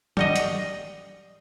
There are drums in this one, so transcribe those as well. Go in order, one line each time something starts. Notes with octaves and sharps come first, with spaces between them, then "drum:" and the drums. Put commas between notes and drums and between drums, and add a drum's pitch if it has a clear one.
G3 F#4 D#5, drum: tom
drum: hi-hat